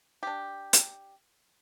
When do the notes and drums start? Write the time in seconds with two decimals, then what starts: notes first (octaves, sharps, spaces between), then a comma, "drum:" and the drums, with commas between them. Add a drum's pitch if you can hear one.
0.23 D4 G4
0.73 drum: hi-hat